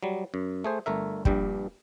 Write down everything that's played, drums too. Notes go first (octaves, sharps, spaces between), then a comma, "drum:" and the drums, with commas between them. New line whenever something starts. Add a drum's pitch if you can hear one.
F#3 G3
F#2
A3 G#4 C5
G1 A3 A#4 E5
A#1 G2 G3 G5, drum: kick